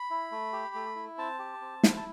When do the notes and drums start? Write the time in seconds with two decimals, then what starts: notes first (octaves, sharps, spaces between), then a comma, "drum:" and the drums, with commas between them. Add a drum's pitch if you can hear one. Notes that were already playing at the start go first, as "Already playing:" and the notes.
Already playing: B5
0.10 E4
0.32 A3
0.52 G4
0.75 A3
0.96 E4
1.18 C4 A5
1.39 G4
1.61 C4
1.83 E4, drum: snare
1.97 A5